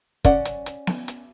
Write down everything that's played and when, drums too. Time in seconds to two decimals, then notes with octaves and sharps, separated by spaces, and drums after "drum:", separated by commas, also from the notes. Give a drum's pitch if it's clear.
0.25 C#4 D5 F#5, drum: kick, hi-hat
0.45 drum: hi-hat
0.66 drum: hi-hat
0.87 drum: snare B3
1.08 drum: hi-hat